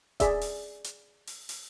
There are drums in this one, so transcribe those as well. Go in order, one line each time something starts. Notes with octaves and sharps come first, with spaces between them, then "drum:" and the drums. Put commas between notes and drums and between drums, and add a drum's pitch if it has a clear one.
G#4 D5 E5, drum: kick D#1, hi-hat
drum: open hi-hat
drum: hi-hat
drum: open hi-hat
drum: open hi-hat